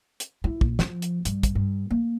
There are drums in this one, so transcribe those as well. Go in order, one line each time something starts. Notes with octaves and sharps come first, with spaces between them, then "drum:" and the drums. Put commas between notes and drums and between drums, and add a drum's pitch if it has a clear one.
drum: hi-hat
E4
A#1, drum: kick
F3, drum: snare
drum: hi-hat
G2, drum: hi-hat
drum: kick, hi-hat
G2
A#3